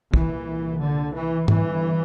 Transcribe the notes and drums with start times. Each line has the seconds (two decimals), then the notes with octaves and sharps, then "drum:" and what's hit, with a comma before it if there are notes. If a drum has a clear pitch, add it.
0.14 C2 A#2 E3, drum: kick
0.81 D3
1.15 E3
1.48 G1 G2 E3, drum: tom